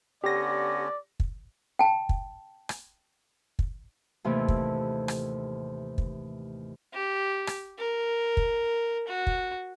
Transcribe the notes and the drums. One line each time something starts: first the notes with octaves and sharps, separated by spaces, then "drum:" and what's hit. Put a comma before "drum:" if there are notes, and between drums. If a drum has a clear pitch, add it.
D3 B3 C#4 G4 D5 A#6
drum: kick
G5 A5
drum: kick
drum: rim click
drum: kick
D#2 A2 C3 E3 A3
drum: kick
drum: rim click
drum: kick
G4
drum: rim click
A#4
drum: kick
F#4
drum: kick